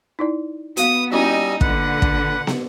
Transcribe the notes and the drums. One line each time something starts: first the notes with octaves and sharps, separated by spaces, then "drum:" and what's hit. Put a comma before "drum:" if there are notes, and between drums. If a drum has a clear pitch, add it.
D#4 E4 D5
B3 F#4 F5 D#6, drum: hi-hat
G3 C#4 D#4 E4 F#4 D#5 G#5 E6
A#2 D3 B4 F#5, drum: kick
drum: kick
drum: snare